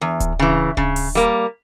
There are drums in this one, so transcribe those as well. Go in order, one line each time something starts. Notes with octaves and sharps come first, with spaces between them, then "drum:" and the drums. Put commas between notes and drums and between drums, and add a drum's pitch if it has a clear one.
E2
drum: kick D1, hi-hat
C#3 E3
C#3, drum: kick D1
drum: open hi-hat
G3 A#3